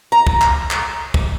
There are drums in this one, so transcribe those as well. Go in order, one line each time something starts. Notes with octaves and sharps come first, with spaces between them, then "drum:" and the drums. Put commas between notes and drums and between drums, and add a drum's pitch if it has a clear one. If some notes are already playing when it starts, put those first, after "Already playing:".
A#5
drum: kick
drum: clap
drum: clap
drum: kick